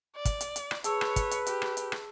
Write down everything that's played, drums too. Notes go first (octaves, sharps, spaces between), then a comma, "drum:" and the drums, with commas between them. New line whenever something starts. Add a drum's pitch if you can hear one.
D5
drum: kick, hi-hat
drum: hi-hat
drum: hi-hat
drum: rim click
G#4 B4 C#5 A5 E6, drum: hi-hat
drum: rim click
drum: kick, hi-hat
drum: hi-hat
G4, drum: hi-hat
drum: rim click
drum: hi-hat
drum: rim click